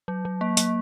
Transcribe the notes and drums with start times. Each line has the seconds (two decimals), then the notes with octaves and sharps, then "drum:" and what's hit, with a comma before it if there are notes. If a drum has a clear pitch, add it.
0.08 F#3
0.25 F#3
0.41 A#3
0.57 A#3, drum: hi-hat